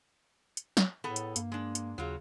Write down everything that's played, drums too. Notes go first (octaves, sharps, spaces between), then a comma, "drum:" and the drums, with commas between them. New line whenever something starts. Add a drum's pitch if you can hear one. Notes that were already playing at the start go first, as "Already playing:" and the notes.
drum: hi-hat
drum: snare
A2 B3 G#4 A4
drum: hi-hat
G2 A#3, drum: hi-hat
G#3 D4
drum: hi-hat
D#2 C#3 F#3 F4